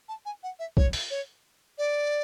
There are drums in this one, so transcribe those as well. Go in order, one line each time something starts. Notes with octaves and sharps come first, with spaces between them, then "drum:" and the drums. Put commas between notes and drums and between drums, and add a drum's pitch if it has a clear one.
A5
G#5
F#5
E5
C#5, drum: kick
drum: open hi-hat
C#5
D5